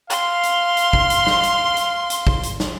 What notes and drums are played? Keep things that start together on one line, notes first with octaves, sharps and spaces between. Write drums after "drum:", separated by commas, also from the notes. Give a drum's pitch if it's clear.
F5 C6, drum: hi-hat
drum: hi-hat
drum: hi-hat
drum: kick
drum: hi-hat
drum: snare
drum: hi-hat
drum: hi-hat
drum: hi-hat
drum: kick
drum: hi-hat
drum: snare